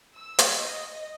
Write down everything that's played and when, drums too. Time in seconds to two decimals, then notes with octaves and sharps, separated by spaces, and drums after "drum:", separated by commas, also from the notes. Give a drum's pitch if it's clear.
0.14 E6
0.39 drum: hi-hat
0.55 D#5